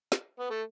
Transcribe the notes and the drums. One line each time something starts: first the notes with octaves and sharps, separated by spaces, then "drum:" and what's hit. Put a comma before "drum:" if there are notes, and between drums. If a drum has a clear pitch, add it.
drum: snare
B3
A3